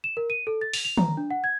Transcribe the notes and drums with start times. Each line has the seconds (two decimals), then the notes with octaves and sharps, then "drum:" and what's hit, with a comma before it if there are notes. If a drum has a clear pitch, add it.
0.04 E7
0.17 A#4
0.30 D#7
0.47 A4
0.61 A6
0.73 F7, drum: open hi-hat
0.85 F7
0.97 A#5, drum: tom
1.17 D4
1.31 F#5
1.44 G#6